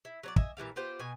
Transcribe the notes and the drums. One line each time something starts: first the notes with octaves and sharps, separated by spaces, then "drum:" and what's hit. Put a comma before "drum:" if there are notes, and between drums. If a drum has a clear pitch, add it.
E4
F#3 C#5 D5
D#5 E5 G#5, drum: kick
A#2 E3 G3 F5
B3 F4 G4 C5
B2 G#5